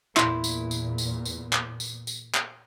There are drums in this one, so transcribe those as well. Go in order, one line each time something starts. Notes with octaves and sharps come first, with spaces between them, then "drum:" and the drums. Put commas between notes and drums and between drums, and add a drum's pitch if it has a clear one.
E2 A#2 E4 C6, drum: clap
drum: tambourine
drum: tambourine
drum: tambourine
drum: tambourine
drum: clap
drum: tambourine
drum: tambourine
drum: clap